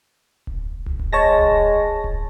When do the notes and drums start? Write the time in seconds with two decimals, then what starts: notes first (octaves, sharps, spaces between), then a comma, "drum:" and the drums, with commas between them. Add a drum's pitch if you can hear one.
0.47 drum: kick D1
0.86 drum: tom C2
0.99 drum: kick D1
1.13 G#3 C#5 A5 A#6
1.39 drum: tom C2
1.52 drum: kick D1
2.04 drum: kick D1